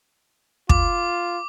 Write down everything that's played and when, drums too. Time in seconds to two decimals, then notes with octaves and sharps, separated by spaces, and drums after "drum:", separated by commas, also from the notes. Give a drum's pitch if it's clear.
0.69 F4 D6, drum: kick